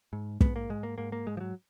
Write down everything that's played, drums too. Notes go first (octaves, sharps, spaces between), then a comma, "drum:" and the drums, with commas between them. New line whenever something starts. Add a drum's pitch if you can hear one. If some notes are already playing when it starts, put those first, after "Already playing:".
G#2
G#2 B3, drum: kick
A#3
G#2 G#3
A#3
G#2 A#3
A#3
G#2 G#3
F3
F#3